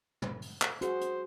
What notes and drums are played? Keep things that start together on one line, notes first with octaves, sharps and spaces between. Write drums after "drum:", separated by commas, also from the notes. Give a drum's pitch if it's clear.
drum: tom
drum: open hi-hat
drum: clap
F#4 G#4 C5 F#5, drum: hi-hat
drum: hi-hat